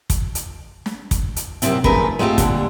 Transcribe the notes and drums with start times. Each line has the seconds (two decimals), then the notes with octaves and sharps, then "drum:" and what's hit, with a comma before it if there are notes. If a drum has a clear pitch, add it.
0.10 drum: kick, hi-hat
0.35 drum: hi-hat
0.86 drum: snare
1.11 drum: kick, hi-hat
1.36 drum: hi-hat
1.62 F#2 A2 C3 C4 E4, drum: hi-hat
1.84 D2 C#3 F3 A#4 B4, drum: kick
2.19 G#3 A3 C4 F4 G4
2.38 A#2 D3 G3, drum: kick, hi-hat